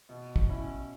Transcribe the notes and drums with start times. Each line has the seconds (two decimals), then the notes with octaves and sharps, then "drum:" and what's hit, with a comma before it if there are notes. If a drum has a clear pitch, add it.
0.09 B2
0.36 drum: kick
0.49 C#4 E4